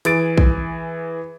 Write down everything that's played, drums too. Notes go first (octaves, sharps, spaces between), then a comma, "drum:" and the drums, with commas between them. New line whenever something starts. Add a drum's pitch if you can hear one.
E3 G#4 A6 D7, drum: hi-hat
drum: kick A#1